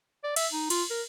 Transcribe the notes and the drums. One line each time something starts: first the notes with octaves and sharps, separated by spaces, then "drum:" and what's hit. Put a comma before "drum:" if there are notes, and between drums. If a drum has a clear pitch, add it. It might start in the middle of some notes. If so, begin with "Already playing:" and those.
D5
E5, drum: cymbal
D#4
F4, drum: cymbal
A#4